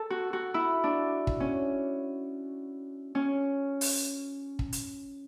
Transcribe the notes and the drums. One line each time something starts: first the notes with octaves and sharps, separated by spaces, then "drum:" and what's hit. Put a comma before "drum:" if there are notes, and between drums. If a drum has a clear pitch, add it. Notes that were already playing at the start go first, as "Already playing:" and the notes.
Already playing: A4
F#4
F#4
E4
D4
drum: kick
C#4
C#4
drum: open hi-hat
drum: kick
drum: hi-hat